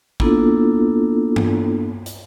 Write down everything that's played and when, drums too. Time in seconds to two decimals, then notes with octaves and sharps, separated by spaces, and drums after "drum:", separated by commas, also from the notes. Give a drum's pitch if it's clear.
0.20 A#3 B3 D4 E4 F4 A4, drum: kick
1.36 drum: tom G2
2.06 drum: hi-hat